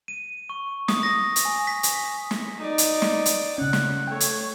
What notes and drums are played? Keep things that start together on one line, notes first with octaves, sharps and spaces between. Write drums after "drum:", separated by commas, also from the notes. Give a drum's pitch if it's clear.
D#7
C#6
D#6, drum: snare
A#6
drum: hi-hat
G#5
B6
drum: hi-hat
drum: snare
D#4 D5
drum: hi-hat
drum: snare
drum: hi-hat
C#3 C#4 F#5
drum: snare
A3 C#5 G5
drum: hi-hat